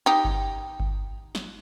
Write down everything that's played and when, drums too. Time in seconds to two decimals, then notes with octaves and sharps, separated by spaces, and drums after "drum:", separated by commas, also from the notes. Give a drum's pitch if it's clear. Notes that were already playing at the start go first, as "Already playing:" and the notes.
0.06 D#4 G4
0.25 drum: kick G1
0.80 drum: kick G1
1.35 drum: snare